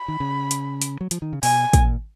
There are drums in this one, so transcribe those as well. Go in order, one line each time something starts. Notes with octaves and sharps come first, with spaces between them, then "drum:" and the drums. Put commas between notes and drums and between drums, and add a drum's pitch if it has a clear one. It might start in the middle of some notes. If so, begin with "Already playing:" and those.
Already playing: B5
D#3
C#3
drum: hi-hat
drum: hi-hat
F#3
F3, drum: hi-hat
D#3
C#3
B2 G#5, drum: open hi-hat
A#2, drum: kick, hi-hat